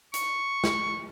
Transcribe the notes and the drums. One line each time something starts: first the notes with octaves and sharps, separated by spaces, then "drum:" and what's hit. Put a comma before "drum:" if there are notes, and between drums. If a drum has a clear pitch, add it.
C#6, drum: hi-hat
drum: snare